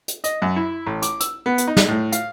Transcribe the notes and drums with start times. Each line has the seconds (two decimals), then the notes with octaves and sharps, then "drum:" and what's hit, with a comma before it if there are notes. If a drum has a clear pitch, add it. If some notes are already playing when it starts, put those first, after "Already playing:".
0.08 drum: hi-hat
0.24 D#5, drum: hi-hat
0.42 F#2
0.56 E4
0.87 A1
1.02 D6, drum: hi-hat
1.20 E6, drum: hi-hat
1.46 B3
1.58 drum: hi-hat
1.68 D#4
1.77 drum: snare
1.88 A2
2.12 F5, drum: hi-hat